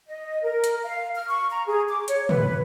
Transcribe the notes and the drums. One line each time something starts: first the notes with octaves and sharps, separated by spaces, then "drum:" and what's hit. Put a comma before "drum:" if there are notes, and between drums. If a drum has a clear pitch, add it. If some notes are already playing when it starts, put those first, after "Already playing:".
D#5
A#4
drum: hi-hat
F5
F6
C#6
A#5
G#4
D6
C#5, drum: hi-hat
B4, drum: tom